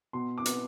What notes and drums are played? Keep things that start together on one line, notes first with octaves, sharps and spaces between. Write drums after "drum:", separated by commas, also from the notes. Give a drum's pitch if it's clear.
B2 C6
D6
B3, drum: hi-hat